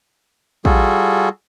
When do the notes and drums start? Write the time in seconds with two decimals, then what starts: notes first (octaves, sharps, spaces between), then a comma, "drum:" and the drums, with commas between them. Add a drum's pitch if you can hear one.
0.65 G3 F4 F#4 G#4 A4, drum: kick